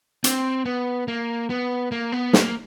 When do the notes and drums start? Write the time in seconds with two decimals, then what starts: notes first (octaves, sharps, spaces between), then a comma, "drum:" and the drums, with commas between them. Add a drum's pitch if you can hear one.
0.24 C4, drum: hi-hat
0.65 B3
1.08 A#3
1.50 B3
1.92 A#3
2.12 B3
2.33 A#3, drum: snare